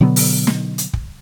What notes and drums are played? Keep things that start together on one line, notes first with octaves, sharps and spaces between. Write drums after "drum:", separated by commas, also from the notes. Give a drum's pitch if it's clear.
B2 D3 F#3 B3
drum: open hi-hat
drum: snare
drum: hi-hat
drum: kick